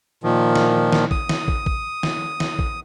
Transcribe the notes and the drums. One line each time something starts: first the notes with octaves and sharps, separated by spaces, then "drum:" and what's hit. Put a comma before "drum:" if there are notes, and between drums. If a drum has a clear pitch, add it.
A#2 D#3 F3
drum: snare
drum: snare
D#6, drum: kick
drum: snare
drum: kick
drum: kick
drum: snare
drum: snare
drum: kick